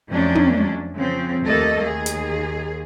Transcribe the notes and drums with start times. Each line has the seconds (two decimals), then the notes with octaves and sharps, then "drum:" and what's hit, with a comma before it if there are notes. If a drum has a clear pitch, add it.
0.10 F2 F#3 A3 C#4 D4
0.35 drum: tom
0.96 C#3 F3 C4
1.44 D#2 A3 A#3 A4 D#5
1.83 D#2 G#4
2.06 drum: hi-hat